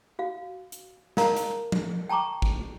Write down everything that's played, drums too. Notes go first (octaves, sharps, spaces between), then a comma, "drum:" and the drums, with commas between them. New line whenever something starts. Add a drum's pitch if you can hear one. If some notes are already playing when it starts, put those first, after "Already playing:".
F#4 F5
drum: hi-hat
D#4 A#4 F5 A#5, drum: snare
drum: hi-hat
drum: tom
G5 A5 A#5 C#6 D6
drum: kick